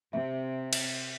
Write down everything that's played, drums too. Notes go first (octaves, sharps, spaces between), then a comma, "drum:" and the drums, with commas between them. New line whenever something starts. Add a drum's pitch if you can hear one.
C3 E5
drum: cymbal